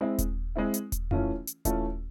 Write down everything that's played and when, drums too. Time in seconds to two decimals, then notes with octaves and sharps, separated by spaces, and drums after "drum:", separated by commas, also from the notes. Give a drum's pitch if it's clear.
0.01 G#3 C4 E4
0.18 drum: kick D#1, hi-hat
0.56 G#3 C4 E4
0.74 drum: hi-hat
0.92 drum: kick D#1, hi-hat
1.11 E3 A3 C#4 F4, drum: tom F2
1.47 drum: hi-hat
1.65 E3 A3 C#4 F4, drum: kick D#1, hi-hat